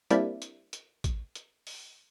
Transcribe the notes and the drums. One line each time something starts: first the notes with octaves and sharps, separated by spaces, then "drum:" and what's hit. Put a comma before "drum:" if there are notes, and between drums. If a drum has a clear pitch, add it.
G3 A#3 C4 D4 E4, drum: hi-hat
drum: hi-hat
drum: hi-hat
drum: kick A1, hi-hat
drum: hi-hat
drum: open hi-hat